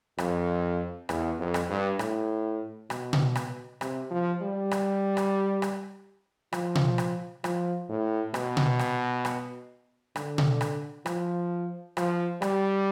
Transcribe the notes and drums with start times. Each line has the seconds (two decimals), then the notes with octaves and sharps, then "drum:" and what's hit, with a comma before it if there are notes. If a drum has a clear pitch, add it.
0.18 F2, drum: rim click
1.09 E2, drum: rim click
1.39 F2
1.54 drum: rim click
1.70 G2
1.99 A2, drum: rim click
2.90 B2, drum: rim click
3.13 drum: tom B2
3.35 drum: rim click
3.81 C3, drum: rim click
4.11 F3
4.41 G3
4.71 drum: rim click
5.17 drum: rim click
5.62 drum: rim click
6.53 F3, drum: rim click
6.75 drum: tom B2
6.98 drum: rim click
7.44 F3, drum: rim click
7.89 A2
8.34 B2, drum: rim click
8.57 drum: tom B2
8.79 drum: rim click
9.25 drum: rim click
10.16 D3, drum: rim click
10.38 drum: tom B2
10.61 drum: rim click
11.06 F3, drum: rim click
11.97 F3, drum: rim click
12.42 G3, drum: rim click